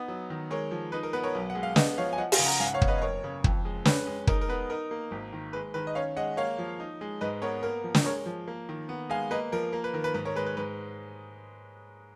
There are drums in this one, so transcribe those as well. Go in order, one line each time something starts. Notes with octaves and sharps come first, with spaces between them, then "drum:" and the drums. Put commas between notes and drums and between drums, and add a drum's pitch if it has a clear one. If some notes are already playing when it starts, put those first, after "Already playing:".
Already playing: B3 D#4
F#3
D#3
G#3 A#4 C#5
F3
D#4 B4
A#4
B3 B4
A#4 C#5
B1
F#5
G#3
F5
B3 B4 D#5, drum: snare
F3 C#5 F5
G#5
F3 D#5 F#5
F5 G#5, drum: open hi-hat
C#3
F#5 A#5
G#2 F5 G#5
F#5
C#5 F5
B3, drum: kick
B4 D#5
D#5
F#1 A#4 C#5
C#3
F2, drum: kick
G#3
C#4 B4, drum: snare
G#3
D#4 A#4, drum: kick
A#4
B3 B4
D#4 A#4
A#3
G#1
D#3
G#3 B4
D#3 B4
D#5
C#4 C#5 F5
G#3 D#5 F#5
A#3 C#5 F5
F3
D#4
G#3
G#2 B4 D#5
B3 A#4 C#5
A#3 A#4
F3
drum: snare
G#3 A#4 C#5
F3
A#3
D#3
B3
G#3 F5 G#5
A#3 B4 D#5
F3 A#4
A#3 A#4
B4
D#3 A#4
B4
G#2 B4
A#4 C#5
G#3 B4
B4
G#2 B4